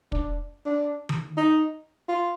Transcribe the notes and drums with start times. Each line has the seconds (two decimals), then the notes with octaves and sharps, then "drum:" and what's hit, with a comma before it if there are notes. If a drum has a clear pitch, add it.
0.12 D4, drum: kick
0.65 D4
1.09 drum: tom D#3
1.37 D#4
2.08 F4